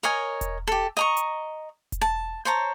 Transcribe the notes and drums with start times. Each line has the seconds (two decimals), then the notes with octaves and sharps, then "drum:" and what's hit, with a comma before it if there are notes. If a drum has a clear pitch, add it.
0.03 A#4 C#5 D#5 G#5
0.41 drum: kick E1, hi-hat
0.67 G4 A4
0.97 D#5 A#5 C#6
1.17 drum: hi-hat
1.92 drum: kick E1, hi-hat
2.01 A5
2.45 C5 C#5 A5 A#5